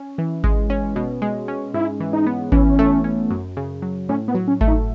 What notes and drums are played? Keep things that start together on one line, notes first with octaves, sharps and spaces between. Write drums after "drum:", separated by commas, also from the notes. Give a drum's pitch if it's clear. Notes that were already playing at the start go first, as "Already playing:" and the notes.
Already playing: C#4
E3
G#3, drum: kick G#1
C#4
B2
G#3
C#4
G#2 E4
E3
D#4
B3
E3 C#4, drum: kick G#1
A3
C#4
F#2
C#3
F#3
A2 C#4
B3
F#3
C#4
A3, drum: kick G#1
D#4